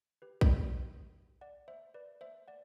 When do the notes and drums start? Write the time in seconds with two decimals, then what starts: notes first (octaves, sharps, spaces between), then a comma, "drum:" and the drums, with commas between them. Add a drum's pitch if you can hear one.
0.22 G4 B4
0.41 B4 D5, drum: kick A#1
1.41 D5 F#5
1.68 C5 E5
1.94 B4 D5
2.21 C5 E5
2.48 D5 F#5